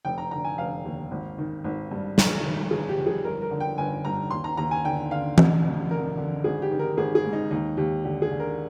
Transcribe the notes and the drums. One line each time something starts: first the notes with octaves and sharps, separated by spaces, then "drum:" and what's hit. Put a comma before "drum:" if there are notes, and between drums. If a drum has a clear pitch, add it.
F1 G5
A#5
D3 A#5
G#5
F1 F5
D#2
G#1
D#3
G#1
G2
G1, drum: snare
D#3
G1 G#4
G4
F2
G#4
G1 A#4
A#4
D3
G5
G1 G#5
G2 A#5
D#2 C6
A#5
D#2 A#5
G#5
D3 G5
D3 F5
D2, drum: tom E3
D2
D3 A#4
D3
G#1 G#4
G4
D#3
A#4
G#1 G#4
G#4
G#2
D#4
D#2 D#4
D#2 G4
D3 G4
G#4
D3
A#4